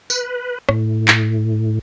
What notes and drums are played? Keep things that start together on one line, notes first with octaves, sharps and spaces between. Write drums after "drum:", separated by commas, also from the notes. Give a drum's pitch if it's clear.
B4, drum: tambourine
A2, drum: rim click
drum: clap